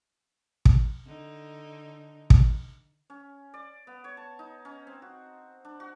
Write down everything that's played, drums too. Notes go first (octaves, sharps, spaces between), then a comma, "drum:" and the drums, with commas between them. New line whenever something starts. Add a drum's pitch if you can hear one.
drum: kick
D3 D#4
drum: kick
C#4
D5
B3
C#5
A5
D#4
C#4
C4
F#4
D4
F#4